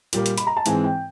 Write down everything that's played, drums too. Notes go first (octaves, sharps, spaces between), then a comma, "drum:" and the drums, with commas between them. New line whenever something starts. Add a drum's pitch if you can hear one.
A#2 G3 A#3, drum: hi-hat
drum: hi-hat
B5, drum: hi-hat
A#5
A5
G#2 E3 G#3 C4 G#5, drum: hi-hat
G5